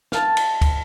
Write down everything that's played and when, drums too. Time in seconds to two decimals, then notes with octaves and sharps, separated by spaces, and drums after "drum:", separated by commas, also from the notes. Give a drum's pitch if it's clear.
0.12 F5 A5, drum: snare
0.37 drum: cymbal
0.61 drum: kick, cymbal